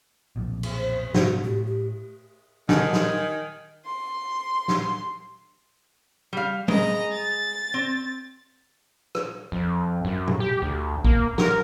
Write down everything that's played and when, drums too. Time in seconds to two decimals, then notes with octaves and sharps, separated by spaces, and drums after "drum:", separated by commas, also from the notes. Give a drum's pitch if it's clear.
0.36 B1 F2 A#2
0.63 drum: cymbal
0.78 C5
1.14 G#2 C3 F#4, drum: snare
1.43 A2 G4
1.66 G4
2.69 D3 D#3 G#5, drum: snare
2.93 drum: snare
3.86 C6
4.68 drum: snare
6.33 G3 F5
6.68 G#3 D#5 A#5, drum: tom G3
7.12 A6
7.74 C4
9.15 drum: rim click
9.52 F2
10.05 F#2
10.28 drum: tom B2
10.40 G4
10.62 D2
11.05 A#3, drum: kick
11.38 A#4, drum: snare